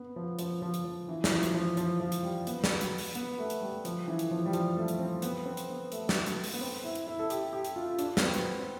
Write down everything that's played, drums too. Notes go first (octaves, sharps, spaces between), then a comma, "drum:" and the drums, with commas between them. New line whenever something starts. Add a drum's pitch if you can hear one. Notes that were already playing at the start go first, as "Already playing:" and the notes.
Already playing: B3
F3
F3, drum: hi-hat
F3
drum: hi-hat
F3
E3
E3, drum: snare
F3
drum: hi-hat
F3
F3, drum: hi-hat
F3
drum: hi-hat
G3
B3, drum: hi-hat
drum: snare
drum: hi-hat
drum: open hi-hat
B3, drum: hi-hat
A3
drum: hi-hat
G3
F3, drum: hi-hat
E3
drum: hi-hat
F3
G3
F3, drum: hi-hat
A3
drum: hi-hat
C4
B3, drum: hi-hat
C4
drum: hi-hat
B3
A3, drum: hi-hat
drum: snare
drum: hi-hat
drum: open hi-hat
B3
C4
E4
drum: hi-hat
E4
A4
G4, drum: hi-hat
G4
drum: hi-hat
F4
D4, drum: hi-hat
B3, drum: snare
C4
drum: hi-hat
C4